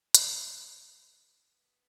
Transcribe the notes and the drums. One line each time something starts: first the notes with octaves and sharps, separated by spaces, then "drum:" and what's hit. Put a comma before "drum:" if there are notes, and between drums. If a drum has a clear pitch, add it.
B3, drum: hi-hat
B3